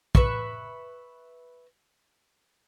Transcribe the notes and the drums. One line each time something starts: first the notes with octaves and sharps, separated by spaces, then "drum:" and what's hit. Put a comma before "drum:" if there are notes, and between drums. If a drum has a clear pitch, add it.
B4 E5 C#6, drum: kick